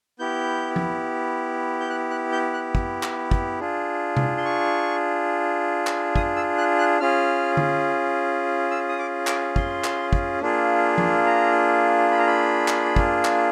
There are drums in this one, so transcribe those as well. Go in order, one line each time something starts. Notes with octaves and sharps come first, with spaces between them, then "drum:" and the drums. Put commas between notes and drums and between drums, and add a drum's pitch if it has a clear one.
B3 E4 G4 G6
drum: tom F3
G6
F#6
F#6
G6
F#6
drum: kick
drum: clap
drum: kick
D4 F4 G#4
drum: tom C3
C6
C#6
drum: clap
D#6, drum: kick
E6
F#6
F#6
C#4 F4 G#4 F6
drum: tom D3
E6
D#6
D6
D6, drum: clap
C6, drum: kick
drum: clap
drum: kick
A#3 D4 F4 G#4
drum: tom F3
A#5
B5
A#5
B5
drum: clap
drum: kick
drum: clap